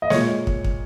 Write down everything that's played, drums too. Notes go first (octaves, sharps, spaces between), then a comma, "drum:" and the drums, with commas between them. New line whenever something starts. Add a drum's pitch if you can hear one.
D#5
A#2 G#3 C#5, drum: snare
drum: kick
drum: kick